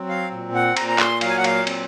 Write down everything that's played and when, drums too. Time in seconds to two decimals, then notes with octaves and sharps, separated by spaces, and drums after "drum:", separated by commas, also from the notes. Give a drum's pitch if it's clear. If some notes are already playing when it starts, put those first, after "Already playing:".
Already playing: F#3 C4
0.09 F5
0.31 A#2
0.55 F#5
0.77 A#2 A#5, drum: cymbal
0.89 A#5
0.98 C6, drum: clap
1.21 F#3 F5, drum: cymbal
1.29 G#5
1.37 F#5
1.44 F5, drum: cymbal
1.67 C4, drum: cymbal